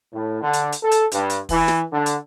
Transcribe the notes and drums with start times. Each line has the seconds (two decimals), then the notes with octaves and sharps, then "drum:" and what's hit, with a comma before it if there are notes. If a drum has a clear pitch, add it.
0.12 A2
0.41 D3
0.53 drum: hi-hat
0.73 drum: hi-hat
0.82 A4
0.92 drum: hi-hat
1.12 G2, drum: hi-hat
1.30 drum: hi-hat
1.49 E3, drum: kick, open hi-hat
1.68 drum: snare
1.92 D3
2.06 drum: hi-hat